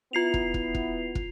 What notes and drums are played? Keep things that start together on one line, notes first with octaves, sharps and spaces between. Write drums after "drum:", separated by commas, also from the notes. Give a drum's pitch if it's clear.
B3 E4 F4 C7 F7
drum: kick
drum: kick
drum: kick
drum: kick